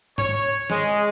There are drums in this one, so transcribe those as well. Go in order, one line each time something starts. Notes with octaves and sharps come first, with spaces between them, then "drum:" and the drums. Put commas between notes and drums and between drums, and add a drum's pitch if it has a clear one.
C#5, drum: tom G#2
G#3, drum: snare F3